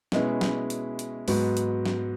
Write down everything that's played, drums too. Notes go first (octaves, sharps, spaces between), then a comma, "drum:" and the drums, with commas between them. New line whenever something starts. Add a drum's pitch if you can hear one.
B2 G#3 C#4 E4 B4, drum: snare
drum: snare
drum: hi-hat
drum: hi-hat
G#2 F#3 B3 F#4, drum: open hi-hat
drum: hi-hat
drum: snare